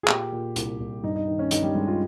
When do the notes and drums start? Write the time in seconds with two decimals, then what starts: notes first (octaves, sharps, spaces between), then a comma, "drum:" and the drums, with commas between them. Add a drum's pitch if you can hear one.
0.03 G#4
0.07 A#2 G4, drum: clap
0.32 A#2
0.56 C2, drum: hi-hat
0.80 C2
1.03 G2 D#4
1.16 D#4
1.27 D#3
1.39 C#4
1.51 G2 D#4, drum: hi-hat
1.63 G3
1.75 G2 G#3
1.87 F4